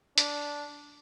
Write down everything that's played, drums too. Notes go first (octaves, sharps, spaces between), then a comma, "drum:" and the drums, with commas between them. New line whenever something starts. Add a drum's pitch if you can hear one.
D4, drum: hi-hat